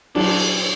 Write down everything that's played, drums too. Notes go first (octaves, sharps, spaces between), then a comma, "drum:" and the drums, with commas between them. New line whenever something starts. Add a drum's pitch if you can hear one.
F#3 D4, drum: cymbal